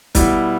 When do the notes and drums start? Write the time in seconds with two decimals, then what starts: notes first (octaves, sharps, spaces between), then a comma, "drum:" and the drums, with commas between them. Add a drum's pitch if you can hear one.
0.15 B2 G3 E4, drum: kick, hi-hat